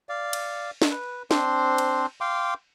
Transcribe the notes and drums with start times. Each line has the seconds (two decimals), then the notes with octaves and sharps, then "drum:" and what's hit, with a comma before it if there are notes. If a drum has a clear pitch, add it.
0.09 D5 F5
0.33 drum: cymbal
0.82 drum: snare D4
0.91 B4
1.31 C4 D4 C5 C6, drum: snare D4
1.78 drum: cymbal
2.21 F5 G5 C6 D6